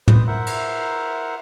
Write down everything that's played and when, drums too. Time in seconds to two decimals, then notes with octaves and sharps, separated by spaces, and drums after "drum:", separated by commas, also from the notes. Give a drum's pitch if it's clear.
0.08 B4 C5 D#6, drum: tom
0.27 E4 A#4 C5 E5 F#5
0.47 drum: cymbal